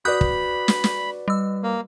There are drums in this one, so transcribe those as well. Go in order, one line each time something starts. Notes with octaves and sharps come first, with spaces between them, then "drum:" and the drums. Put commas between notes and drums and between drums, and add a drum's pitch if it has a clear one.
F#4 B4 D5 B5 D#6 F#6 G6
drum: kick
drum: snare
drum: snare
G3 E6
A#3